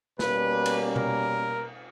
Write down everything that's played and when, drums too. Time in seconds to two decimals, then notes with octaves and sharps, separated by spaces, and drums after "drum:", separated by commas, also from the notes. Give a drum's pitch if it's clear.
0.19 B2 G3 A#3 C#4 B4, drum: snare
0.66 drum: cymbal
0.96 A#4, drum: tom B2